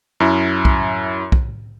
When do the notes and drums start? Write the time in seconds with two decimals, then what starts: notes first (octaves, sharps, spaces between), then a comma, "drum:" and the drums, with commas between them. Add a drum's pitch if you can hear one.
0.20 F#2 E4
0.65 drum: kick
1.32 drum: kick